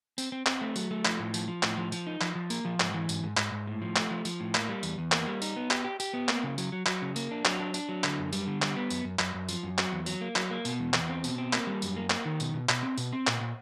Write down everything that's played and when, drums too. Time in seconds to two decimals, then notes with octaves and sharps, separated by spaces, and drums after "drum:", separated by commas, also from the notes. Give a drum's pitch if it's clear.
0.18 C4, drum: tambourine
0.32 C4
0.46 C4, drum: clap
0.61 A3
0.76 F#3, drum: tambourine
0.91 A3
1.05 F3, drum: clap
1.19 A2
1.34 F3, drum: tambourine
1.48 F3
1.63 A2, drum: clap
1.77 F3
1.92 F3, drum: tambourine
2.07 D#4
2.21 F3, drum: clap
2.35 F3
2.50 A#3, drum: tambourine
2.65 F3
2.80 G#2, drum: clap
2.94 E3
3.09 G#2, drum: tambourine
3.23 G#2
3.37 G#2, drum: clap
3.52 G#2
3.67 A2
3.82 F3
3.96 A3, drum: clap
4.11 F3
4.25 F3, drum: tambourine
4.40 A2
4.55 A#3, drum: clap
4.69 G3
4.83 E2, drum: tambourine
4.98 E2
5.12 A#3, drum: clap
5.27 G3
5.42 D#4, drum: tambourine
5.56 B3
5.71 G4, drum: clap
5.84 G4
6.00 G4, drum: tambourine
6.13 B3
6.29 A#3, drum: clap
6.43 C#3
6.58 F#3, drum: tambourine
6.72 F#3
6.86 F#3, drum: clap
7.02 C#3
7.16 A#3, drum: tambourine
7.31 D4
7.45 F#3, drum: clap
7.60 D4
7.74 D4, drum: tambourine
7.89 F#3
8.04 D3, drum: clap
8.18 F#2
8.33 G3, drum: tambourine
8.47 D3
8.62 G3, drum: clap
8.77 B3
8.90 F#2, drum: tambourine
9.04 F#2
9.19 F#2, drum: clap
9.34 F#2
9.49 F3, drum: tambourine
9.63 F#2
9.78 F#3, drum: clap
9.92 E2
10.06 F#3, drum: tambourine
10.21 A#3
10.36 F#3, drum: clap
10.51 A#3
10.65 B2, drum: tambourine
10.80 E2
10.94 E2, drum: clap
11.09 C4
11.24 B2, drum: tambourine
11.38 C4
11.53 A#3, drum: clap
11.67 G3
11.82 F#2, drum: tambourine
11.96 A#3
12.10 A#3, drum: clap
12.25 D#3
12.40 B2, drum: tambourine
12.54 B2
12.69 B2, drum: clap
12.83 C4
12.97 B2, drum: tambourine
13.13 C4
13.27 A#2, drum: clap
13.41 A#2